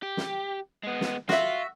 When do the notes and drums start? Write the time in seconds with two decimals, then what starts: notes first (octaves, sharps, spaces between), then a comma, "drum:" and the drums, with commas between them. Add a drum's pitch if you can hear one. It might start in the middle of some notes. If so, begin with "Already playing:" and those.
0.03 G4
0.17 drum: snare
0.84 G#3 B3
1.01 drum: snare
1.29 F4 F#4 E5, drum: snare